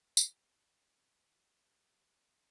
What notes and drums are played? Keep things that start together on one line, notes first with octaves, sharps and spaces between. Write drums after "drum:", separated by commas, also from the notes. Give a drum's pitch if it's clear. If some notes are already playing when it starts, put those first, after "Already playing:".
G3 C4 D#4 F#4
drum: tambourine
G3 C4 D#4 F#4
G3 C4 D#4 F#4
G3 C4 D#4 F#4
D#3 G3 C4
D#3 G3 C4
D#3 G3 C4
D#3 G3 C4
D#4